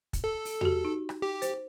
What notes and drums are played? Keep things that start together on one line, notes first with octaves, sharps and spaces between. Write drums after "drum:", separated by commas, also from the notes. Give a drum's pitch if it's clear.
drum: kick, hi-hat
A4
drum: open hi-hat
F#4 G4, drum: tom E2
D#4
drum: rim click
G4
C5, drum: hi-hat